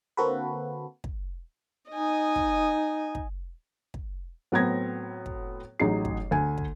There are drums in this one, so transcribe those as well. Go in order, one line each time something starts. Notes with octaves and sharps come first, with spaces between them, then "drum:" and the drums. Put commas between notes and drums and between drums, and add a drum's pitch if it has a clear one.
D3 A#3 C4 F#4 A4 B4
drum: kick
D#4 D#5 G#5
drum: kick
drum: kick
drum: kick
A2 F#3 B3 C4 G#6 A#6
drum: kick
A1 F#3 D#4 G#4 C7
drum: kick
D2 G#5
drum: kick